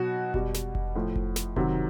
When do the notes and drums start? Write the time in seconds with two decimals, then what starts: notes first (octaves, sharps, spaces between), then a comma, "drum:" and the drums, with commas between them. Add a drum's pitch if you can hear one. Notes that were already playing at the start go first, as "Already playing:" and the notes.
Already playing: B2 F#3 F#4
0.34 B2 G3, drum: kick F1
0.54 drum: snare
0.75 drum: kick F1
0.95 A2 F3
1.16 drum: kick F1
1.36 drum: snare
1.56 C3 D#3 F#3, drum: kick F1